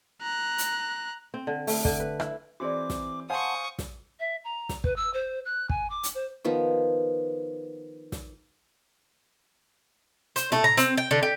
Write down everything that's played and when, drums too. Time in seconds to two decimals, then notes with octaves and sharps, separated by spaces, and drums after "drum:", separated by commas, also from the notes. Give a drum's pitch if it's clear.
0.22 A#5 F#6
0.58 drum: hi-hat
1.34 C4
1.47 D3
1.67 A3, drum: open hi-hat
1.85 D3, drum: kick
2.00 B4
2.20 E4, drum: rim click
2.60 E3 C4 F#4 G#4 D5 D6
2.90 drum: snare
3.30 C5 F5 F#5 G#5 A5 C6 C#6 D#6
3.79 drum: snare
4.20 E5
4.44 A#5
4.69 drum: snare
4.84 B4, drum: kick
4.96 E6
5.13 C5
5.45 F#6
5.69 G#5, drum: kick
5.90 D6
6.03 drum: hi-hat
6.15 C5
6.44 D#3 F3 B3
8.12 drum: snare
10.36 C5, drum: hi-hat
10.52 A3, drum: tom A2
10.64 A#5
10.77 C4, drum: hi-hat
10.98 G5
11.11 D3
11.23 G4